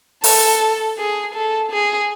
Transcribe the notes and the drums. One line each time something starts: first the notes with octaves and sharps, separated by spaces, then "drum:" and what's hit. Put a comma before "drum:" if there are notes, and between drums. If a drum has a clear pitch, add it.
A4, drum: open hi-hat
G#4
A4
G#4